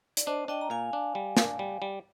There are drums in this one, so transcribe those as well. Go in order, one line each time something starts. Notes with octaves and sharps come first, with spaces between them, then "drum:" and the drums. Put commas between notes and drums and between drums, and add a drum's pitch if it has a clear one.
D5, drum: hi-hat
D4 C5 D#5
D4 D#5 G5
A#5
A#2 F5 G#5
D4
G3
D4, drum: snare
G3
G3